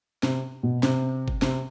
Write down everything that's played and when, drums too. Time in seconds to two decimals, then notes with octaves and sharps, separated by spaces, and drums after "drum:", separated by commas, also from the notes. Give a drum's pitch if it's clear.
0.23 C3, drum: snare
0.63 B2
0.83 C3, drum: snare
1.28 drum: kick G1
1.42 C3, drum: snare